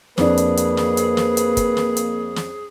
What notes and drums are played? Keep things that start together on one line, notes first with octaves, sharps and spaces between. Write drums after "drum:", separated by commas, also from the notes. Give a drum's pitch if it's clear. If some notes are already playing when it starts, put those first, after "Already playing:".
F2 A#3 D4 G#4 B4, drum: snare
drum: hi-hat
drum: hi-hat
drum: snare
drum: hi-hat
drum: snare
drum: hi-hat
drum: kick, hi-hat
drum: snare
drum: hi-hat
drum: snare